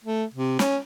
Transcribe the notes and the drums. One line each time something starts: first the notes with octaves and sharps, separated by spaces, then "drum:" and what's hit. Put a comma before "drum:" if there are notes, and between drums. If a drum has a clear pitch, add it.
A3
C3
C#4, drum: snare